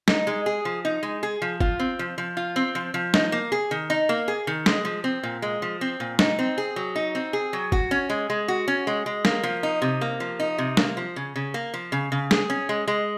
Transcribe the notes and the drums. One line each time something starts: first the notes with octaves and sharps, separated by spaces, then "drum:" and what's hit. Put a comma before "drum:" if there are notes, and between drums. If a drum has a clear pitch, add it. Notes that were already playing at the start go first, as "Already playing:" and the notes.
D#4, drum: snare
G#3
G#4
F3
D#4
G#3
G#4
F3
F4, drum: kick
C4
F3
F3
F4
C4
F3
F3
D#4, drum: snare
A#3
G#4
D#3
D#4
A#3
G#4
D#3
G#3, drum: snare
F3
C4
A#2
G#3
F3
C4
A#2
D#4, drum: snare
C4
G#4
F#3
D#4
C4
G#4
F#3
F#4, drum: kick
C#4
G#3
G#3
F#4
C#4
G#3
G#3
A#3, drum: snare
F3
D#4
C3
A#3
F3
D#4
C3
A#3, drum: snare
F3
C#3
C#3
A#3
F3
C#3
C#3
G#4, drum: snare
C#4
G#3
G#3